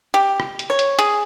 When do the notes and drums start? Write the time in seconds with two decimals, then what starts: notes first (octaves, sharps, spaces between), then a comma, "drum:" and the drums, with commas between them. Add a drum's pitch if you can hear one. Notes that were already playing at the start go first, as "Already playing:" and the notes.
0.14 G4
0.40 drum: rim click
0.59 drum: hi-hat
0.70 C#5
0.79 drum: hi-hat
0.99 G#4, drum: hi-hat